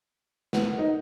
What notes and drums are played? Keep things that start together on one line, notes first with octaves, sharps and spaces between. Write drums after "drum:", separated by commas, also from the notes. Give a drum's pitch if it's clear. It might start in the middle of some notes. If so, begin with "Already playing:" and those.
B3, drum: snare
D#4